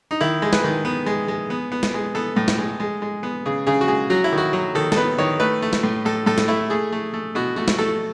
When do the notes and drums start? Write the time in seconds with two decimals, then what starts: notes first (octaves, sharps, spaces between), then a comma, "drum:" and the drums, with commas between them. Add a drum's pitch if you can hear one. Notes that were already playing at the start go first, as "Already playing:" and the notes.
0.11 D#4
0.21 D#3 E4
0.42 G#3
0.53 B4, drum: snare
0.64 D#3
0.85 B3
1.06 G#3
1.28 G#3
1.50 B3
1.72 B3
1.83 drum: snare
1.94 G#3
2.15 B3 A4
2.36 A2
2.48 drum: snare
2.58 G#3
2.80 G#3
3.02 G#3
3.23 B3
3.46 C#3 G#4
3.67 C#3 G#4
3.81 F#4
3.88 G#3 G#4
4.10 F#3 F#4
4.24 E4
4.33 D#3
4.38 F#4
4.53 F#3
4.75 D#3 A4
4.92 A4, drum: snare
4.96 B3 B4
5.18 D#3 C#5
5.40 A3 B4
5.62 A3
5.73 drum: snare
5.83 A2
6.05 A2 A4
6.26 A2 A4
6.38 drum: snare
6.48 A3 E4
6.70 A3 G#4
6.92 A3
7.14 A3
7.35 B2 F#4
7.56 A3 F#4
7.68 drum: snare
7.79 A3 A4